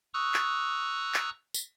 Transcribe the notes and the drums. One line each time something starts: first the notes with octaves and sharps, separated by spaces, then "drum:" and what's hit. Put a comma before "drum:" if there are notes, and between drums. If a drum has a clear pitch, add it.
A#5 C#6 D#6 E6 F#6
drum: clap
drum: clap
drum: tambourine